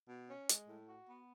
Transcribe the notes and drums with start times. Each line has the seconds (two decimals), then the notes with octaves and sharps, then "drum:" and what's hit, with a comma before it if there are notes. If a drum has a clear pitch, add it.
0.09 B2
0.29 C#4
0.49 G#3, drum: hi-hat
0.68 A2
0.88 F#4
1.08 B3